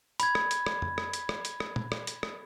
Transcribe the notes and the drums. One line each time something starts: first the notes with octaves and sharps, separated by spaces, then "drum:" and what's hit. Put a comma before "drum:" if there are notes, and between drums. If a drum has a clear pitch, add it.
B5 G#6, drum: hi-hat
drum: rim click
drum: hi-hat
drum: rim click
drum: tom F2
drum: rim click
drum: hi-hat
drum: rim click
drum: hi-hat
drum: rim click
drum: tom A#2
drum: rim click
drum: hi-hat
drum: rim click